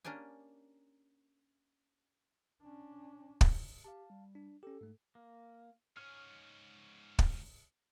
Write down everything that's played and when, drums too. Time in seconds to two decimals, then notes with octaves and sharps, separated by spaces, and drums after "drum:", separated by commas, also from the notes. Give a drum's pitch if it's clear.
0.05 A#3 C#4 D4 G4 G#5
2.62 C#4 D4
3.41 drum: kick
3.84 G4 F5 A5
4.10 G3
4.35 D4
4.63 C#4 G4 A4
4.81 G#2 A3
5.15 A#3
5.97 G#2 C#4 C#5 F6
7.19 drum: kick